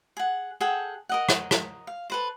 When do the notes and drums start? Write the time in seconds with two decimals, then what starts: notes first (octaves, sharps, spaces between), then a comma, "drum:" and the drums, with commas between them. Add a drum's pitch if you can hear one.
0.17 G#4 F#5
0.61 G#4 A4 F#5 G5
1.09 A#4 D#5 F#5
1.29 drum: rim click
1.51 drum: rim click
1.87 F5
2.10 A4 B4 C5